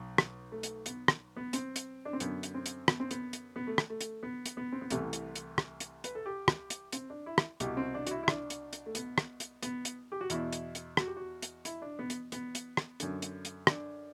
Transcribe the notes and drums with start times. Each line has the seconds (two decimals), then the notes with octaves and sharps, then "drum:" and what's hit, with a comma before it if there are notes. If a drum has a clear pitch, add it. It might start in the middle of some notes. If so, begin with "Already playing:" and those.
Already playing: B1
0.18 drum: rim click
0.52 A3
0.63 drum: hi-hat
0.86 B3, drum: hi-hat
1.08 drum: rim click
1.37 B3
1.53 C4, drum: hi-hat
1.76 drum: hi-hat
2.05 D4
2.13 C4
2.20 F#2 D3 B3, drum: hi-hat
2.43 drum: hi-hat
2.54 C4
2.66 drum: hi-hat
2.88 B3, drum: rim click
3.00 C4
3.11 B3, drum: hi-hat
3.33 drum: hi-hat
3.56 B3
3.67 A3
3.78 drum: rim click
3.90 A3
4.01 drum: hi-hat
4.23 B3
4.46 drum: hi-hat
4.57 B3
4.72 C4
4.81 B3
4.90 C2 C3 E3 A3, drum: hi-hat
5.13 drum: hi-hat
5.35 drum: hi-hat
5.58 drum: rim click
5.80 drum: hi-hat
6.04 B4, drum: hi-hat
6.15 A4
6.26 G4
6.48 drum: rim click
6.70 drum: hi-hat
6.92 C4, drum: hi-hat
7.10 D4
7.26 E4
7.38 drum: rim click
7.60 C2 B2 G4, drum: hi-hat
7.77 C4
7.94 D4
8.07 F#4, drum: hi-hat
8.11 E4
8.23 E4
8.28 D4, drum: rim click
8.50 drum: hi-hat
8.73 drum: hi-hat
8.86 A3
8.95 B3, drum: hi-hat
9.18 drum: rim click
9.40 drum: hi-hat
9.63 B3, drum: hi-hat
9.85 drum: hi-hat
10.12 G4
10.21 F#4
10.30 E2 B2 E4, drum: hi-hat
10.53 drum: hi-hat
10.75 drum: hi-hat
10.97 F#4, drum: rim click
11.07 G4
11.17 F#4
11.42 drum: hi-hat
11.65 E4, drum: hi-hat
11.82 D4
11.99 B3
12.10 drum: hi-hat
12.32 B3, drum: hi-hat
12.55 drum: hi-hat
12.77 drum: rim click
13.00 F#2 D3, drum: hi-hat
13.22 drum: hi-hat
13.45 drum: hi-hat
13.67 D4, drum: rim click